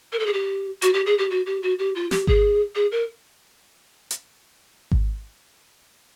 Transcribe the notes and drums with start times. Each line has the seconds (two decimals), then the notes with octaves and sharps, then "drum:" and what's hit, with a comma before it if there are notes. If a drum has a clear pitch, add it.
0.12 A#4
0.19 A4
0.26 G#4
0.33 G4
0.82 F#4, drum: hi-hat
0.93 G4
1.06 G#4
1.18 G4
1.30 F#4
1.46 G4
1.63 F#4
1.79 G4
1.95 F4
2.11 G4, drum: snare
2.27 G#4, drum: kick G#1
2.75 G#4
2.92 A#4
4.11 drum: hi-hat
4.92 drum: kick G#1